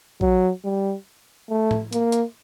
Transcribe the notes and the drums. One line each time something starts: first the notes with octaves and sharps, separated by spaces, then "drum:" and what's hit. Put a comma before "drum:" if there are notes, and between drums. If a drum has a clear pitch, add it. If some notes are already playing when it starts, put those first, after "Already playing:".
F#3, drum: kick
G3
A3
drum: tom A2
A#3, drum: hi-hat
drum: hi-hat